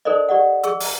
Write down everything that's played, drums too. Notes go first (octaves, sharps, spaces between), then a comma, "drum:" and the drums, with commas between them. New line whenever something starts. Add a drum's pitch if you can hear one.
D#4 A4 A#4 C5 D5 D#5
G4 D5 D#5 F#5
G#4 C#6 E6, drum: hi-hat
drum: open hi-hat